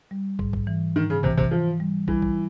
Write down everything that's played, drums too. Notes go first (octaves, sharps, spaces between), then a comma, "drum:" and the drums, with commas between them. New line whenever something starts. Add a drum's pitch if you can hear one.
G3
G#2, drum: kick
drum: kick
E3
G#2 D#3
C#3
C3 E3, drum: kick
C3, drum: kick
E3 F3
G3
E3 G3, drum: kick
drum: kick